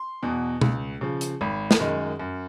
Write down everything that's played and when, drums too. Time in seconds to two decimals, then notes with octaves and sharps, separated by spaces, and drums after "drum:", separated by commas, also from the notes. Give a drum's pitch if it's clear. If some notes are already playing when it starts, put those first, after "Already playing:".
Already playing: C6
0.23 E2 B2
0.61 C#2, drum: tom B2
1.01 C#3 F3
1.21 drum: hi-hat
1.41 G#1 B5
1.71 drum: snare
1.80 F#2 D#3 G#3
2.20 F#2